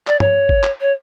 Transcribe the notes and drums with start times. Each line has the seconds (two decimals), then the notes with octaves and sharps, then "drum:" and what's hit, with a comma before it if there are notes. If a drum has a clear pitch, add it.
0.07 D5, drum: clap
0.20 C#5, drum: tom G2
0.49 drum: kick
0.63 drum: clap
0.81 C#5